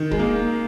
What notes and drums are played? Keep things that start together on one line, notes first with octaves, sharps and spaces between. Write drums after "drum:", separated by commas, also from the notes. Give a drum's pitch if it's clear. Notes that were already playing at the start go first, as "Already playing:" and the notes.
Already playing: D#3
G#3, drum: kick
A#3